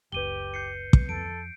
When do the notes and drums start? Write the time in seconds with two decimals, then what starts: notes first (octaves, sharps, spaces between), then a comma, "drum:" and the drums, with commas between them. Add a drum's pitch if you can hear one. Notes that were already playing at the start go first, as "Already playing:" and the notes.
0.12 F#1 C#2 G4 B4 D#7 G7
0.54 G6 C7 C#7
0.93 drum: kick
1.09 F2 A4 D7